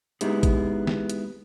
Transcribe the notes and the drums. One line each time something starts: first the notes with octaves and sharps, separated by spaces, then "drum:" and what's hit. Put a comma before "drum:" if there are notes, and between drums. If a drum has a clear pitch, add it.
G#3 B3 D#4 E4 G4 G#4, drum: hi-hat
drum: kick, hi-hat
drum: snare
drum: hi-hat